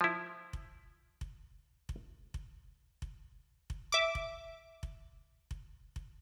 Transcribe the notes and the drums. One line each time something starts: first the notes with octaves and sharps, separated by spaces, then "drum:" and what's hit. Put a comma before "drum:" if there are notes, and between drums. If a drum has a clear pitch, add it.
F3 E4
drum: kick F1
drum: kick F1
drum: kick F1
drum: kick F1
drum: kick F1
drum: kick F1
E5 D6
drum: kick F1
drum: kick F1
drum: kick F1
drum: kick F1